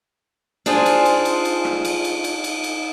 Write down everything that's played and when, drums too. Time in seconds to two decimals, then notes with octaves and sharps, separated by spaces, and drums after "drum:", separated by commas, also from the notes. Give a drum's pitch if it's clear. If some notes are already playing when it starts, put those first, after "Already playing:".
0.66 D4 F4 G#4 C5, drum: cymbal
0.86 drum: cymbal
1.06 drum: cymbal
1.25 drum: cymbal
1.45 drum: cymbal
1.65 drum: rim click
1.85 drum: cymbal
2.04 drum: cymbal
2.24 drum: cymbal
2.44 drum: cymbal
2.64 drum: cymbal